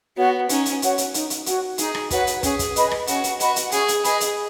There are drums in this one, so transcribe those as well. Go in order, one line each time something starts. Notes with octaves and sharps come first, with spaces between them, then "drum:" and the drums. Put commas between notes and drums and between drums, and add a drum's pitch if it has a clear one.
B3 F#4 C#5 F#5
C#4 D#4, drum: hi-hat
drum: hi-hat
F#4 C#5 F#5, drum: hi-hat
drum: hi-hat
D#4, drum: hi-hat
drum: hi-hat
F#4 C#5 F#5, drum: hi-hat
D#4 G#4, drum: hi-hat
drum: rim click
F#4 B4 C#5 F#5, drum: kick, hi-hat
drum: hi-hat
C#4 G#4, drum: kick, hi-hat
drum: kick, hi-hat
B4 D#5 B5, drum: hi-hat
drum: rim click
C#4 F#4, drum: hi-hat
drum: hi-hat
F#4 B4 D#5 B5, drum: hi-hat
drum: hi-hat
C#4 G#4, drum: hi-hat
drum: hi-hat
G#4 B4 D#5 B5, drum: hi-hat
drum: hi-hat